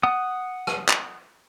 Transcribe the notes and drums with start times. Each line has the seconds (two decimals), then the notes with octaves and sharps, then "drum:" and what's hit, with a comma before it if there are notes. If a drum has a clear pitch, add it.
0.03 F#5 D#6
0.67 drum: rim click
0.89 drum: clap